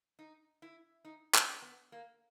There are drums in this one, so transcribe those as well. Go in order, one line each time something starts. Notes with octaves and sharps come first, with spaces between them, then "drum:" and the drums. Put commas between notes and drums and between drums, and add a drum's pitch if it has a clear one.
D#4
E4
D#4
C#4, drum: clap
B3
A#3